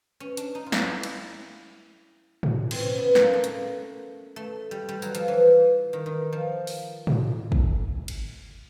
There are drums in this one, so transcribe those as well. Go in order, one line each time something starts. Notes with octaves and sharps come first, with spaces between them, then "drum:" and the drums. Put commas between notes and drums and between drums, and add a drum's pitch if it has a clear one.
C#4
D4, drum: hi-hat
D#4
F4
E4, drum: snare
drum: cymbal
drum: tom A2
C4, drum: cymbal
C#4
B3
A#3, drum: snare
A3
drum: hi-hat
A3
G3
G3
F#3, drum: tambourine
F3, drum: hi-hat
E3
D#3
D#3
F3
drum: open hi-hat
drum: tom A2
drum: kick
drum: cymbal